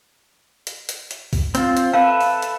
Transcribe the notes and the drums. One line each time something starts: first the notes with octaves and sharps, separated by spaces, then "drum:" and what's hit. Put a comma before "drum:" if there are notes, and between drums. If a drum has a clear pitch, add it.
drum: hi-hat
drum: hi-hat
drum: hi-hat
drum: kick, open hi-hat
C4 F4, drum: hi-hat
drum: hi-hat
A4 B4 E5 F5
drum: open hi-hat
drum: hi-hat